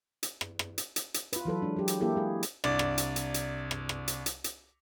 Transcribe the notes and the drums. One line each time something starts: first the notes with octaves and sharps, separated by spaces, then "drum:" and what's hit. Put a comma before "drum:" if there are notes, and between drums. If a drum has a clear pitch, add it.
drum: hi-hat
drum: rim click
drum: rim click
drum: hi-hat
drum: hi-hat
drum: hi-hat
F4 B4, drum: hi-hat
E3 F#3 A4 B4
G#3 D4
F#3 G4
drum: hi-hat
E3 A#3 E4 G4 A4
G#3 G#4
drum: hi-hat
C2 D4 D5, drum: rim click
drum: rim click
drum: hi-hat
drum: hi-hat
drum: hi-hat
drum: rim click
drum: rim click
drum: hi-hat
drum: hi-hat
drum: hi-hat